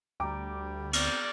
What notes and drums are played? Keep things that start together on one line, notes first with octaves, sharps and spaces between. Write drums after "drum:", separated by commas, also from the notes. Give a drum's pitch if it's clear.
D2 G3 G5 A#5 D6
B3 C4 D5, drum: cymbal